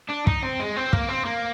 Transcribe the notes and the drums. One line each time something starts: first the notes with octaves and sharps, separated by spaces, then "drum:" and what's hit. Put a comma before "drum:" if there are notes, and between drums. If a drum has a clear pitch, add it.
D4
D#4, drum: kick
C4
G#3
C4
A#3, drum: kick
C4
A#3